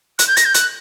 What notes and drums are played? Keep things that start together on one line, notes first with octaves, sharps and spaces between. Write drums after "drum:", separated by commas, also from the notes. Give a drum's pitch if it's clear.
F#6, drum: hi-hat
G6
A#6, drum: hi-hat
G6
F#6, drum: hi-hat